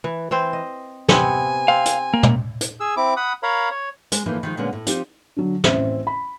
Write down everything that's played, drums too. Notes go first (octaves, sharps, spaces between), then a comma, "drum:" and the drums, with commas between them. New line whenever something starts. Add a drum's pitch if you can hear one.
E3
E3 C4 C5
D#5
C3 B3 C4 G#5, drum: snare
C4 F5
drum: hi-hat
A#3
drum: tom
drum: hi-hat
G#4 E6
C4 E4 D6
F#5 B5 D#6
A#4 C#5 F5 A#5 B5
C#5
G#3, drum: hi-hat
A2 E3 F3 A#3 D#4
D#3 F3 G#3
A#2 D3 G#3 B3 C#4
A2
F3 C4 D#4 F4 G4, drum: hi-hat
D3 F#3
A1 C4 C#4 C5 E5, drum: snare
B5